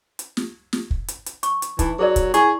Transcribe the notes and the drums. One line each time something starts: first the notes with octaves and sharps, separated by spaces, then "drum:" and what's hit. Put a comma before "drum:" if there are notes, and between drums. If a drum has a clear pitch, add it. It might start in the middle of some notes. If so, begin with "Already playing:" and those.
drum: hi-hat
drum: snare
drum: snare
drum: kick
drum: hi-hat
drum: hi-hat
C#6, drum: hi-hat
drum: hi-hat
E3 D#4, drum: kick, hi-hat
F#3 G#4 A#4 D5
drum: kick, hi-hat
E4 G#4 C#6, drum: hi-hat